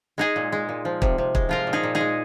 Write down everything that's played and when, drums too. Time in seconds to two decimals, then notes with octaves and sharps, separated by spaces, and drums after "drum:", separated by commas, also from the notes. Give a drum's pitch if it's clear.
0.18 G#3 D#4 G#4
0.36 A#2
0.52 G#3
0.69 A#2
0.85 F3
1.02 C3, drum: kick
1.18 C3
1.35 G#3, drum: kick
1.49 F3 F4 A#4
1.67 A#2
1.73 D#4 G#4
1.83 A#2
1.95 D#4 G#4
2.01 G#3